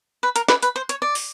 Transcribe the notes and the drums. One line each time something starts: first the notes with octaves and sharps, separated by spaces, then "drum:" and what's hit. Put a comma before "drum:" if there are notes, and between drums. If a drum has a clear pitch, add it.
B4
A#4, drum: hi-hat
B4, drum: snare
B4, drum: hi-hat
C5
C#5, drum: hi-hat
D5
drum: open hi-hat